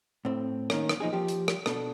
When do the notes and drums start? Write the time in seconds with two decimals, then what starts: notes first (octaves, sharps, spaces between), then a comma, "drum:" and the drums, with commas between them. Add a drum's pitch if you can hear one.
0.25 A2 C4
0.70 D#3 A#3 C#4, drum: rim click
0.89 drum: rim click
1.00 A#2 F3 D#4 G#4
1.13 F3 G4
1.29 drum: hi-hat
1.48 drum: rim click
1.66 B2 D4 A4, drum: rim click